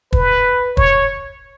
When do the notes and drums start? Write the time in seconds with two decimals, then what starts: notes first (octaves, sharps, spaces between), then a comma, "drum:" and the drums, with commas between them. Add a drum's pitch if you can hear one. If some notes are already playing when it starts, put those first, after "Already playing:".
0.13 B4, drum: kick
0.77 C#5, drum: kick